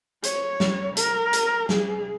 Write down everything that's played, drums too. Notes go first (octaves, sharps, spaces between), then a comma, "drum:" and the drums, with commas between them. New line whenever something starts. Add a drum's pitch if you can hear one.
C#5, drum: hi-hat
drum: snare
A#4, drum: hi-hat
drum: hi-hat
G#4, drum: snare